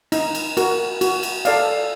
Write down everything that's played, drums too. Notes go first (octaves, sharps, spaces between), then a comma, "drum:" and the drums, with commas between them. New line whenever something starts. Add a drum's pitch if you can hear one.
D#4, drum: cymbal
drum: cymbal
F#4 A#4, drum: cymbal
F#4, drum: cymbal
drum: cymbal
A4 D5 F5, drum: cymbal